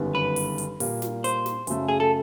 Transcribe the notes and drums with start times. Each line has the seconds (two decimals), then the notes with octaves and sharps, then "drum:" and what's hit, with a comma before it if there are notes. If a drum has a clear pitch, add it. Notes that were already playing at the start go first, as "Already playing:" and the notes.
Already playing: G1 F#2 D#3 G3 B3
0.15 B4
0.36 drum: open hi-hat
0.58 drum: hi-hat
0.80 A#2 G3 A#3, drum: open hi-hat
1.02 drum: snare
1.24 C5, drum: hi-hat
1.46 drum: snare
1.67 F#2 C#3 F#3 A3, drum: hi-hat
1.88 G#4
2.00 A4